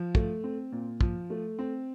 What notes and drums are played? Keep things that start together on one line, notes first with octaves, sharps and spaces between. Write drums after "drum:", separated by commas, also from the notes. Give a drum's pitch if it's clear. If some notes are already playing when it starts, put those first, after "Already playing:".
Already playing: F3
A3, drum: kick
C4
A#2
F3, drum: kick
A3
C4